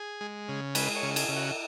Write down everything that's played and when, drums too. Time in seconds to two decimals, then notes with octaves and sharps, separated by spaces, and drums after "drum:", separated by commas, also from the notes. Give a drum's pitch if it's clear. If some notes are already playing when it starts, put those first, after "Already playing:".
Already playing: G#4
0.21 G#3
0.48 C#3
0.75 G#3 B4, drum: cymbal
0.96 C#5
1.03 C#3
1.16 G#4, drum: cymbal
1.29 C#3
1.36 F#4